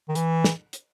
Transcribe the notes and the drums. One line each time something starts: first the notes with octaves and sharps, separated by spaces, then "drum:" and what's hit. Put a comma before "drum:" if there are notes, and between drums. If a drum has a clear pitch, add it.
D#3
E3, drum: hi-hat
drum: snare
drum: hi-hat